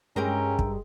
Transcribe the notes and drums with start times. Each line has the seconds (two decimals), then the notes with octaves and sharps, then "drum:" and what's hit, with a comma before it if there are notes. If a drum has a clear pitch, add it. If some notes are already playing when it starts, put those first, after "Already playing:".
0.16 G2 G#3 C#4 E4 G4 A#4 G5 A#5
0.59 drum: kick